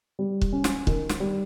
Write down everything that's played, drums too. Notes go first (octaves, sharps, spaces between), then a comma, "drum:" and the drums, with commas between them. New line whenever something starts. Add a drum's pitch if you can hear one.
G3
drum: kick C#1
C#4
drum: snare
D#3, drum: kick C#1
drum: snare
G3